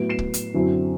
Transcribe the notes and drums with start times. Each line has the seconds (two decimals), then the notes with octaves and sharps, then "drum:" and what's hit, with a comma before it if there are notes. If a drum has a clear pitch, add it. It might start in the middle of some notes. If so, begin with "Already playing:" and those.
Already playing: A2 F#3 B3 E4 D7
0.09 C7 E7
0.19 drum: kick
0.34 drum: hi-hat
0.54 F#2 D3 F#3 C4 E4